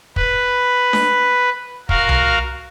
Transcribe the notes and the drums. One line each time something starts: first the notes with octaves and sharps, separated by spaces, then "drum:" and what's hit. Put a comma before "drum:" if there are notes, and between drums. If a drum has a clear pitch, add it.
B4, drum: kick
drum: snare D4
F#4 A#4 F5, drum: kick
drum: tom C2